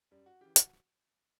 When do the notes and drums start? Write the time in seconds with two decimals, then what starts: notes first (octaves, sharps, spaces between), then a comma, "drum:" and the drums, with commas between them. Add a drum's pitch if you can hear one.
0.11 F#2 G3
0.26 F#4
0.41 C#3 E3 G4
0.56 F#4, drum: hi-hat